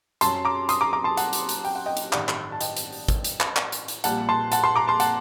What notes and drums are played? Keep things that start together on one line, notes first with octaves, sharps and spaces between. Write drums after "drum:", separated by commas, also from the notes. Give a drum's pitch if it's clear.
F#2 F#3 A5 C6, drum: hi-hat
A#5 D6
C6 D#6, drum: hi-hat
A#5 D6
A#5 D6
A5 C6
F#5 A5, drum: hi-hat
drum: hi-hat
drum: hi-hat
G5, drum: open hi-hat
F#5
D#5 G5
drum: hi-hat
A1 G2 D#3 D5 F#5, drum: clap
drum: clap
A5
D#5 G5, drum: hi-hat
drum: hi-hat
drum: open hi-hat
drum: kick, hi-hat
drum: hi-hat
drum: clap
drum: clap
drum: hi-hat
drum: hi-hat
A#1 A#2 G3 F#5 A5, drum: hi-hat
A5 C6
F#5 A5, drum: hi-hat
A5 C6
A#5 D6
A5 C6
F#5 A5, drum: hi-hat